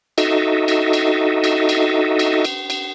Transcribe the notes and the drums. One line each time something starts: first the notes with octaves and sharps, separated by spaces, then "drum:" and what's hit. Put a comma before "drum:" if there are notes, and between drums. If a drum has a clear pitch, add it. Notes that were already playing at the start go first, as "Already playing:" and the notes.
D#4 F#4 A4 D#5 E5, drum: cymbal
drum: cymbal
drum: cymbal
drum: cymbal
drum: cymbal
drum: cymbal
drum: cymbal
drum: cymbal